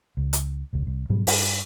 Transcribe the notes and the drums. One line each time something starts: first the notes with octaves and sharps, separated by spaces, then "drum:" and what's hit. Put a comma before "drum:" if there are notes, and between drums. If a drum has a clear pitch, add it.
C#2
drum: hi-hat
E1 C#2
C2
G#2 B2 F#3 G3
G2, drum: open hi-hat